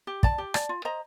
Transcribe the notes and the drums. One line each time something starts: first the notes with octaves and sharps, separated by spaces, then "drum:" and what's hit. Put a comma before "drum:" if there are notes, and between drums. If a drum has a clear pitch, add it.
G4
D5 A5, drum: kick
G4
D5 A5, drum: rim click
F4
C5 D#5 A#5